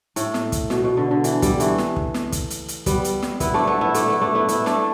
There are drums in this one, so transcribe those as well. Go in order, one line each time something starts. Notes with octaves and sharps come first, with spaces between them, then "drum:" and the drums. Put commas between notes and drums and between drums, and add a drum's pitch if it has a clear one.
A2, drum: hi-hat
drum: snare
drum: kick, hi-hat
B2, drum: snare
B2
D3
D3
E3, drum: hi-hat
D3 G3, drum: kick, hi-hat
E3 A3, drum: hi-hat
drum: snare
drum: kick
drum: snare
drum: kick, hi-hat
drum: hi-hat
drum: hi-hat
G3 B3, drum: kick, hi-hat
drum: hi-hat
drum: snare
B3 E4, drum: kick, hi-hat
A3 D4
B3 E4
B3 E4
A3 D4, drum: hi-hat
B3 E4
A3 D4
B3 E4
B3 E4, drum: hi-hat
A3 D4, drum: snare